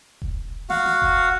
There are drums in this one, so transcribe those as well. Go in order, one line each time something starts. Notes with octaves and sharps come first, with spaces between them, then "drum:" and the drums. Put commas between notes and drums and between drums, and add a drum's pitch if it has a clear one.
drum: kick E1
F#4 F5 F#5, drum: snare
drum: snare
drum: kick E1